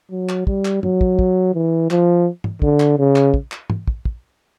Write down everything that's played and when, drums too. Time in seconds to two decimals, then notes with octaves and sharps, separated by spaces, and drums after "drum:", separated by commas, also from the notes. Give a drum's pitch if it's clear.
0.11 F#3
0.29 drum: clap
0.47 G3, drum: kick
0.65 drum: clap
0.83 F#3, drum: tom
1.01 drum: kick
1.19 drum: kick
1.54 E3
1.91 F3, drum: clap
2.44 drum: tom
2.62 D3, drum: kick
2.80 drum: clap
2.98 C#3
3.16 drum: clap
3.34 drum: kick
3.52 drum: clap
3.70 drum: tom
3.88 drum: kick
4.05 drum: kick